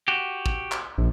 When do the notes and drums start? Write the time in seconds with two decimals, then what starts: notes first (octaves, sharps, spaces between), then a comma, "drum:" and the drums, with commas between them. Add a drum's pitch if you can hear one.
0.08 F#4 G4
0.46 drum: kick
0.72 drum: clap
0.98 A#1